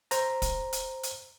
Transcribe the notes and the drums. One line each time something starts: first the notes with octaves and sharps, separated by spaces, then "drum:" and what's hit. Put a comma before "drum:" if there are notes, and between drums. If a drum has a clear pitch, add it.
C5 A#5, drum: hi-hat
drum: kick, hi-hat
drum: hi-hat
drum: hi-hat